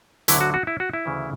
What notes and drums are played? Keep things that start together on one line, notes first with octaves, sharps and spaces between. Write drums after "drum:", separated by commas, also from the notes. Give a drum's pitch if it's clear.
D2 D3 F#3 E4, drum: hi-hat
F#4
F#4
E4
F#4
E4
D2 C#3 E3